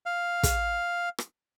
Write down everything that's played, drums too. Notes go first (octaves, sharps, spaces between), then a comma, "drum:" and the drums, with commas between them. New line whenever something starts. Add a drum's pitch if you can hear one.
F5
drum: kick, hi-hat
drum: rim click